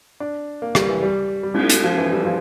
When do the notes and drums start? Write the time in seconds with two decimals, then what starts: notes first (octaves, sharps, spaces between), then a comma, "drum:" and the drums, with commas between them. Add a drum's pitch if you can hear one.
0.20 D4
0.62 A#3
0.75 G3, drum: rim click
0.89 E3
1.03 G3
1.43 G3
1.54 drum: cymbal
1.70 drum: hi-hat
1.84 F3
1.98 E3
2.11 G3
2.25 F3